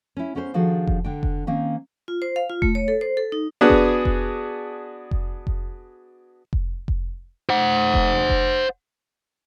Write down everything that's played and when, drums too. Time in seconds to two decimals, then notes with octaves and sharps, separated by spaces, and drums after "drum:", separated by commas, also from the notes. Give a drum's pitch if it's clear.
0.17 C#4 E4
0.35 B3 C#4 G#4 A#4 C5
0.54 D#3 F3 D4 F#4 G#4 A4
0.87 drum: kick F1
1.04 D3 D4 G5
1.23 drum: kick F1
1.47 D#3 A#3 C4 C#4
2.08 F4
2.22 C5
2.36 F5
2.50 F4
2.62 A3, drum: kick F1
2.75 C#5
2.88 A4
3.01 C5
3.17 A4
3.32 D#4
3.61 B3 D4 F#4 G#4
3.70 drum: kick F1
4.05 drum: kick F1
5.11 drum: kick F1
5.47 drum: kick F1
6.53 drum: kick F1
6.88 drum: kick F1
7.49 C5 F#5
7.94 drum: kick F1
8.29 drum: kick F1